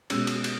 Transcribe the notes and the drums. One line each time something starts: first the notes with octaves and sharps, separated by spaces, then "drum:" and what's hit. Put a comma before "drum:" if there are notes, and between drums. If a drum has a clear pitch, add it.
B2 G#3 C#4 E6, drum: cymbal
drum: cymbal
drum: cymbal